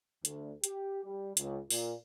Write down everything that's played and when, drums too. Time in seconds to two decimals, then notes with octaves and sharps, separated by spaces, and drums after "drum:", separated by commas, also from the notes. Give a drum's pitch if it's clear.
0.25 D2, drum: hi-hat
0.64 G4, drum: hi-hat
1.05 G3
1.37 C#2, drum: hi-hat
1.70 A#2, drum: open hi-hat